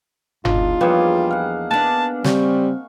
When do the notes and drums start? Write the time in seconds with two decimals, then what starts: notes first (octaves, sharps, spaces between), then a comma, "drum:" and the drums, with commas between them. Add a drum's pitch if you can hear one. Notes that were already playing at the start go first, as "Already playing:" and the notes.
0.45 E2 D4 D#4 F4, drum: tom F#1
0.81 F3 G3 A#3 G#4 B4 C#5
1.31 F5 F#5
1.71 B3 D4 A5
2.24 C#3 G3 C4 G4 C#6, drum: snare